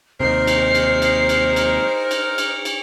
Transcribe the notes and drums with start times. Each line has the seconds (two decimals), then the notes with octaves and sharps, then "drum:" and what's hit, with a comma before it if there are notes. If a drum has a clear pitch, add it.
0.20 D#2 C3 D#4 A#4 C5 C7
0.47 drum: cymbal
0.75 drum: cymbal
1.02 drum: cymbal
1.29 drum: cymbal
1.56 drum: cymbal
2.11 drum: cymbal
2.38 drum: cymbal
2.65 drum: cymbal